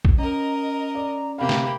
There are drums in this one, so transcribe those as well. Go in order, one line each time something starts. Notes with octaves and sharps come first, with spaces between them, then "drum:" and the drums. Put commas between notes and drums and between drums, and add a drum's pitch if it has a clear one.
drum: kick A#1
C#4 A#4 D#5 A#5
D5
C3 A#3 G4 F5 B5
drum: snare